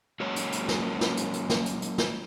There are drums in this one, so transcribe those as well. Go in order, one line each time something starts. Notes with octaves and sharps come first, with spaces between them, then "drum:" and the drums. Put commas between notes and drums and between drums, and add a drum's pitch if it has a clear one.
F#3 G#3 A#3 C#4 A#4 C#5
drum: hi-hat
drum: hi-hat
drum: snare
drum: snare
drum: hi-hat
drum: hi-hat
drum: snare
drum: hi-hat
drum: hi-hat
drum: snare